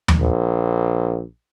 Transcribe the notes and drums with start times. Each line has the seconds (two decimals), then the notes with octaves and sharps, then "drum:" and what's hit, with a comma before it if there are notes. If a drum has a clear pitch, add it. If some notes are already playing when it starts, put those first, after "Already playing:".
0.08 drum: tom D#2
0.20 A#1